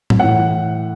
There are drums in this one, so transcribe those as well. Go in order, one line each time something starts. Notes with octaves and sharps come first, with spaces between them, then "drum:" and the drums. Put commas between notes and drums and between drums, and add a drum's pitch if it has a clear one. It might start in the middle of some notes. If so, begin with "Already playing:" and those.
drum: tom A2
A2 E3 F#5